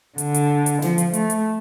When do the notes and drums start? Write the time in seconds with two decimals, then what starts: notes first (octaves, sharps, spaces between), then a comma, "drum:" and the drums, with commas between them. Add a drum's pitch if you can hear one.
0.18 D3, drum: hi-hat
0.34 drum: hi-hat
0.66 drum: hi-hat
0.82 F3, drum: snare
0.98 drum: hi-hat
1.13 A3, drum: hi-hat
1.30 drum: hi-hat